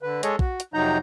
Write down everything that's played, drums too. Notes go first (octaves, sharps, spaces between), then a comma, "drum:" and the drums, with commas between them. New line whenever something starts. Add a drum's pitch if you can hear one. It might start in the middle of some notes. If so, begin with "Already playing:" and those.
D3 B4
G#3 G#4 A4 C#5 D#5, drum: hi-hat
F#4, drum: kick
drum: hi-hat
F2 C3 F#3 D#4 A#5 G6